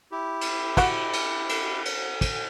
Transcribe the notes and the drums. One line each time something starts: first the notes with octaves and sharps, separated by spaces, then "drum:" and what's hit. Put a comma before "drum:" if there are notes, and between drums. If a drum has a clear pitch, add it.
E4 G4
drum: cymbal
F#4 E5 F#5, drum: kick, cymbal
drum: cymbal
drum: cymbal
drum: cymbal
drum: kick, cymbal